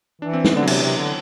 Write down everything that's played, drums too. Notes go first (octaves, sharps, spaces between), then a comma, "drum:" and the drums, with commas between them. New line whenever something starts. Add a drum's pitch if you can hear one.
E3 D4
C4
B3, drum: snare
D3 D4
F#3
C3 E3, drum: cymbal
C3
D3